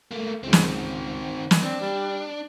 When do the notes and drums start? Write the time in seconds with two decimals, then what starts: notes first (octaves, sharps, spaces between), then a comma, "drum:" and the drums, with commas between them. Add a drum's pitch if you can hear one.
0.11 A3 A#3
0.43 C#2 D#3 C4
0.53 drum: snare
1.51 drum: snare
1.63 C4 D4
1.81 G3